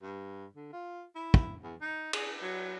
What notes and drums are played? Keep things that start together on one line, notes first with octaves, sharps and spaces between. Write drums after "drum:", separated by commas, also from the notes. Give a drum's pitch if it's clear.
G2
D3
F4
E4
drum: kick
E2
D#4
G#4, drum: cymbal
F#3